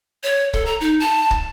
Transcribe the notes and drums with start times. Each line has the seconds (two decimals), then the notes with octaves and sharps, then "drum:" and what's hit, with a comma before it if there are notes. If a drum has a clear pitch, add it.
0.23 C#5
0.54 A4, drum: kick
0.66 A#5
0.81 D#4
1.00 A5
1.31 drum: kick